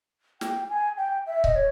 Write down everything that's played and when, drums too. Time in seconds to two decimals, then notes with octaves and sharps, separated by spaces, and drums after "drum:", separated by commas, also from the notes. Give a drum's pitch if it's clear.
0.41 G5, drum: snare
0.70 G#5
0.97 G5
1.27 E5
1.44 D#5, drum: kick C#1
1.55 C#5